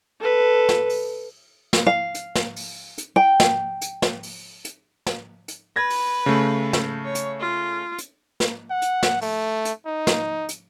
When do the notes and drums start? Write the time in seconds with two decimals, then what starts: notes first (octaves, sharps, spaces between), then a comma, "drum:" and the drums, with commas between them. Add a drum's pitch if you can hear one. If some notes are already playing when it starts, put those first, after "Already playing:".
0.21 A4 B4
0.69 drum: snare
0.90 drum: open hi-hat
1.73 drum: snare
1.86 F5
2.15 drum: hi-hat
2.35 drum: snare
2.56 drum: open hi-hat
2.98 drum: hi-hat
3.16 G5
3.40 drum: snare
3.81 drum: hi-hat
4.02 drum: snare
4.23 drum: open hi-hat
4.65 drum: hi-hat
5.07 drum: snare
5.48 drum: hi-hat
5.76 B4 G#6 A#6
5.90 drum: open hi-hat
6.26 C#3 A3
6.73 drum: snare
7.05 C#5
7.15 drum: hi-hat
7.40 F4
7.98 drum: hi-hat
8.40 drum: snare
8.70 F#5
8.82 drum: hi-hat
9.03 drum: snare
9.22 A3, drum: open hi-hat
9.65 drum: hi-hat
9.86 D#4
10.07 drum: snare
10.49 drum: hi-hat